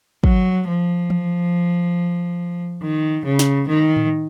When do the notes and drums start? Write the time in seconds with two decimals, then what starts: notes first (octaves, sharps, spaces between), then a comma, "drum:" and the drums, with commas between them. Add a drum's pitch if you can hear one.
0.24 F#3, drum: kick
0.67 F3
1.10 drum: tom E3
2.82 D#3
3.25 C#3
3.39 drum: snare
3.68 D#3
3.97 drum: tom A2